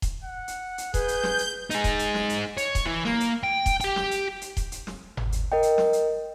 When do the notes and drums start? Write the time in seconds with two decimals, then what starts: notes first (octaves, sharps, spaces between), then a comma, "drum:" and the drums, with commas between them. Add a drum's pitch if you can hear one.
0.02 drum: kick D#1, hi-hat
0.24 F#5
0.48 drum: hi-hat
0.78 drum: hi-hat
0.94 G#4 B4 G6, drum: kick D#1, hi-hat
1.08 drum: hi-hat
1.23 drum: snare
1.39 drum: hi-hat
1.71 D#4 G#4, drum: hi-hat
1.84 drum: kick D#1, hi-hat
1.99 drum: hi-hat
2.14 drum: snare
2.29 drum: hi-hat
2.58 C#5, drum: hi-hat
2.75 drum: kick D#1, hi-hat
2.86 E3
3.05 A#3, drum: snare
3.20 drum: hi-hat
3.43 G5
3.66 drum: kick D#1, hi-hat
3.80 G4 G5, drum: hi-hat
3.96 drum: snare
4.11 drum: hi-hat
4.41 drum: hi-hat
4.57 drum: kick D#1, hi-hat
4.72 drum: hi-hat
4.87 drum: snare
5.17 drum: tom G1
5.32 drum: hi-hat
5.52 A#4 D#5 G5
5.63 drum: hi-hat
5.78 drum: snare
5.93 drum: hi-hat